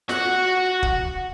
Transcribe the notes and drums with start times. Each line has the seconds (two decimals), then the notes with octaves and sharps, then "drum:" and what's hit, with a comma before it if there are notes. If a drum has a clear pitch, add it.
0.09 F#4 F#5, drum: snare
0.83 drum: kick